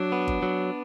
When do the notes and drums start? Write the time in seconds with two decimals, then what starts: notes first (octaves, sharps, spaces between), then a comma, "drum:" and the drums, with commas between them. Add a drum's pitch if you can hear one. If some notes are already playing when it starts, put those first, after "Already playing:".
Already playing: F#3 D4
0.12 B3
0.28 drum: kick G1
0.43 F#3